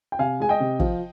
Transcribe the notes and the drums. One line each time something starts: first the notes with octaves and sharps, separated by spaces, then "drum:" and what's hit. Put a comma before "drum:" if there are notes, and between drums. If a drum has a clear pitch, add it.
G5
C3 F5 G#5
G#3 G#5
D#5 G5
C3
F3, drum: kick